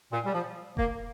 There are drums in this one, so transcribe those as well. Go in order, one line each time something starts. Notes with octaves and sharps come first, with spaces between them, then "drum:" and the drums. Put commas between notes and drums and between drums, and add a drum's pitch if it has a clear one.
A#2
G3
F3
A#3, drum: kick F1